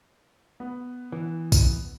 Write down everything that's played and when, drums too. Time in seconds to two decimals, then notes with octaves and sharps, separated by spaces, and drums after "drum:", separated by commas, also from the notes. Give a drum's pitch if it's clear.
0.60 B3
1.12 E3
1.52 drum: kick, tambourine